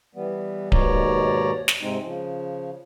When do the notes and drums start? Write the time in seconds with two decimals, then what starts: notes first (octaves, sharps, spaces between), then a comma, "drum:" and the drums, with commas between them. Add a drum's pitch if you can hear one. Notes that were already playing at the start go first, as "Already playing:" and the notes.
0.15 E3 G3 B3
0.72 D#2 G#2 B2 C#5 D5 A#5, drum: kick D1
1.68 drum: snare
1.81 G#2 C3 G#3 C4 D#4
2.02 C#3 F3